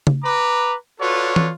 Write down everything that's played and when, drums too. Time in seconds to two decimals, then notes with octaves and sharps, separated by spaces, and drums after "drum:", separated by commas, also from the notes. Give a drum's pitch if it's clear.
0.07 drum: tom C#3
0.24 B4 A#5 D6
1.00 F4 F#4 A4 B4 C#5 D5
1.36 drum: tom